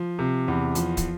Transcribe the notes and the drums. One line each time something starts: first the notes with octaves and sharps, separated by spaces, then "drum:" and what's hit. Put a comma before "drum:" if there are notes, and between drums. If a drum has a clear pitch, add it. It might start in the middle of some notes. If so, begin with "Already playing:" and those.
Already playing: F3
C3
E2
F3, drum: hi-hat
drum: kick, hi-hat